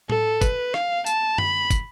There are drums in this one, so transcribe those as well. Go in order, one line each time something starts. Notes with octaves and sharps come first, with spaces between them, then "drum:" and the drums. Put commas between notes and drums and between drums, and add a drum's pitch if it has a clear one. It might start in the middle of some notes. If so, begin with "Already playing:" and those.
A4, drum: tom A2
B4, drum: kick, tambourine
F5, drum: rim click
A5, drum: tambourine
B5, drum: tom F#2
drum: kick, tambourine